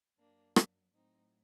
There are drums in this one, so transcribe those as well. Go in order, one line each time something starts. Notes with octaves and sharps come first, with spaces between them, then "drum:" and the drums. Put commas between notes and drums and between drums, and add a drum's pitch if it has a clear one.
F#2 F#3 A#3 D4
drum: rim click
A2 F#3 C4 D#4